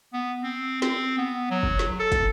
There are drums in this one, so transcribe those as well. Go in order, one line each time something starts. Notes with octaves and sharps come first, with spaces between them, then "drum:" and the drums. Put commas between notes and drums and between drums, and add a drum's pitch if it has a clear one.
B3
C4
C4, drum: snare
B3
F#3
drum: kick
drum: snare
A4
drum: kick, hi-hat